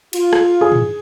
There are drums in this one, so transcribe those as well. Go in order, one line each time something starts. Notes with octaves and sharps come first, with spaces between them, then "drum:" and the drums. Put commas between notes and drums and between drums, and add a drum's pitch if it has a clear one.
F4, drum: cymbal
drum: rim click
G#4
drum: tom